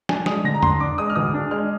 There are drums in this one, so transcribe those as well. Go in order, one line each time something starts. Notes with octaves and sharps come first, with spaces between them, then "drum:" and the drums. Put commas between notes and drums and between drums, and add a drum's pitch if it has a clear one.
D4 G#5, drum: snare
G#3 D#6, drum: snare
D3 A#6
A#5
D3 C6, drum: tom E2
D4 D6
G#3 D#6
F6
D2 D#6
D4
G#3 F6